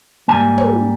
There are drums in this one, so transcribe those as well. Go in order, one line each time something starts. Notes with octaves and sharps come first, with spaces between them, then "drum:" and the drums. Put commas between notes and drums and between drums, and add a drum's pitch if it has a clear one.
G#2 D#3 G3 A#3 G#5
drum: tom